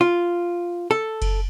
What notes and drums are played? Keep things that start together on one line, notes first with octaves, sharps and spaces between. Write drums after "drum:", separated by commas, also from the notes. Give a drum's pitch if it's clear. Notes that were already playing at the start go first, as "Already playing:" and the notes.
F4
A4
drum: kick F#1, cymbal